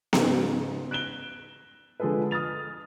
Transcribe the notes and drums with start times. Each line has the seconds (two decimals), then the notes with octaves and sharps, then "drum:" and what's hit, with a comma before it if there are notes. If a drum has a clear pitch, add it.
0.13 G#2 C#3, drum: snare B3
0.91 F#6 D7 E7 G7
2.00 D3 F3 G#3 G#4 A4 B4
2.31 D#6 F6 A6 F7